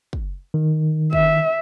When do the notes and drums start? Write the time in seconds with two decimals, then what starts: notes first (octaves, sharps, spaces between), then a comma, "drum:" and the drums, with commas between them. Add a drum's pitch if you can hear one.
0.13 drum: kick
0.54 D#3
1.13 E5, drum: kick